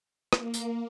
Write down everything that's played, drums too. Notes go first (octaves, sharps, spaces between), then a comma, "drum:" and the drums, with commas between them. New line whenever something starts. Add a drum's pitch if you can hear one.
A#3, drum: rim click
drum: tambourine